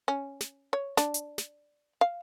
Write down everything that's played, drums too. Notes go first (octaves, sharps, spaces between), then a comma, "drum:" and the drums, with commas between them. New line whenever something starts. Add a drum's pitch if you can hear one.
C#4
drum: snare
C#5
D4, drum: snare
drum: hi-hat
drum: snare
F5